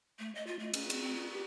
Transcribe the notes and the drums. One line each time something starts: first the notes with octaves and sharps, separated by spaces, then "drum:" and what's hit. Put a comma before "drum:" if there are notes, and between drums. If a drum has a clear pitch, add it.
A3
D#5
F4
A3
C#4, drum: cymbal
C4, drum: cymbal
C4
F4
G4